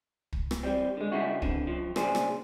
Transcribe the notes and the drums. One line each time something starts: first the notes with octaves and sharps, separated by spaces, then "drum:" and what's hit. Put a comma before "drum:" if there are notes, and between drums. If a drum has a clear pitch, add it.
drum: kick
drum: rim click
E3 F3 G3 C4
D3 G#3
G2 C#3 D#4 E4 F#4
D3 E3 C4, drum: kick
F#2 F3
A#2 C#3 D4 G#4 C5, drum: rim click
drum: rim click